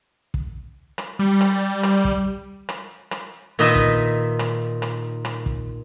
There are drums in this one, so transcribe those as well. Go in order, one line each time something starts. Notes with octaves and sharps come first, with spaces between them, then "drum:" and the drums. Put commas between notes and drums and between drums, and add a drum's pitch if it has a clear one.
drum: kick
drum: rim click
G3
drum: rim click
drum: rim click
drum: kick
drum: rim click
drum: rim click
A#2 D#3 D#4 B4 D#5 E5
drum: kick
drum: rim click
drum: rim click
drum: rim click
drum: kick